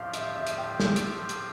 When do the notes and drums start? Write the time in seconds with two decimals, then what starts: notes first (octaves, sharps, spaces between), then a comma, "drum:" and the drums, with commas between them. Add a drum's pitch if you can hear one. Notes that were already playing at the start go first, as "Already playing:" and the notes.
Already playing: A2 F3 C4 G4 F5
0.13 E5, drum: hi-hat
0.36 E5
0.47 drum: hi-hat
0.58 G5
0.80 drum: snare
0.96 drum: hi-hat
1.29 drum: hi-hat